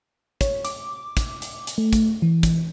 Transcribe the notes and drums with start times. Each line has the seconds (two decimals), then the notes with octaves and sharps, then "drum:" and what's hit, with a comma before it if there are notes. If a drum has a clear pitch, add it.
0.41 C#5, drum: kick, hi-hat
0.65 D6, drum: hi-hat
1.17 drum: kick, hi-hat
1.42 drum: hi-hat
1.67 drum: hi-hat
1.78 A3
1.93 drum: kick, hi-hat
2.22 E3
2.43 drum: kick, hi-hat